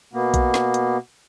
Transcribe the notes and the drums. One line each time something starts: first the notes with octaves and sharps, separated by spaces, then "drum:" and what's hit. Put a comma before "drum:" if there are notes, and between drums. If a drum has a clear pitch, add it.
B2 A#3 B3
drum: kick A#1, hi-hat
drum: snare
drum: hi-hat